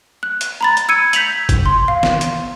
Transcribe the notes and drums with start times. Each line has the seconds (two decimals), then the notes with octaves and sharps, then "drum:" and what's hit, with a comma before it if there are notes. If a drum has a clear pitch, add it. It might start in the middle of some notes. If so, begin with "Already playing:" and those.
0.23 F#6
0.41 drum: hi-hat
0.61 A#5 B5 A6
0.77 drum: hi-hat
0.89 E6 G#6 C#7 D#7
1.13 G6 B6 F7 F#7, drum: hi-hat
1.49 drum: kick F#1, hi-hat
1.66 C6
1.88 F5
2.03 drum: snare
2.21 drum: hi-hat